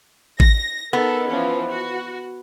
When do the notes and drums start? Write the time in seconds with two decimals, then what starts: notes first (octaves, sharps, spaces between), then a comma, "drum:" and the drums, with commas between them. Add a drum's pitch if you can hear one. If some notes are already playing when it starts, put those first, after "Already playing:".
0.40 A#6, drum: kick A1
0.93 B3 D#4 A4 A#4
1.28 E3 F3 C#4
1.68 F#4